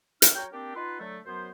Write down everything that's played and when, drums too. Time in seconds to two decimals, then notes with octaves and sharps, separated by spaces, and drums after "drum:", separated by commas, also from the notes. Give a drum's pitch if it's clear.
0.22 C3 D#4 E5 F6, drum: hi-hat
0.35 F#3 F#4 A#4 C#5 G5
0.52 A#3 C4 D4 G4
0.76 D#4 F4 B4 F#5 C6
1.00 D3 F#3 A3
1.26 F#2 F#3 B3 C5